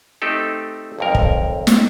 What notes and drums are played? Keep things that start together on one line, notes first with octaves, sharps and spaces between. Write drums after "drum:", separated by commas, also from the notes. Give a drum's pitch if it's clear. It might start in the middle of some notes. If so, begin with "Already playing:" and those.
A3 C4 D#4 G4 A4
B1 F2 A#4
drum: kick
drum: snare